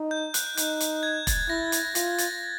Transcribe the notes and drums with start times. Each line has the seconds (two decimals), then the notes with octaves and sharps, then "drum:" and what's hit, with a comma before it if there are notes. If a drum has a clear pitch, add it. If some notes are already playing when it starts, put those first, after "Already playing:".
Already playing: D#4
0.11 G6
0.34 F#6, drum: hi-hat
0.57 D#4 G6, drum: hi-hat
0.80 drum: hi-hat
1.03 G#6
1.27 A6, drum: kick E1, hi-hat
1.49 E4 A#6
1.72 drum: hi-hat
1.95 F4 A#6, drum: hi-hat
2.18 A6, drum: hi-hat